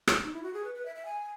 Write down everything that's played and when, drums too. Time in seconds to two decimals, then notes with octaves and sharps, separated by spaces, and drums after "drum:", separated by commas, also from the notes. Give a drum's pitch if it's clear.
0.08 drum: rim click
0.23 D#4
0.33 E4
0.43 F#4
0.54 G#4
0.64 B4
0.75 B4
0.85 E5
0.96 E5
1.05 G#5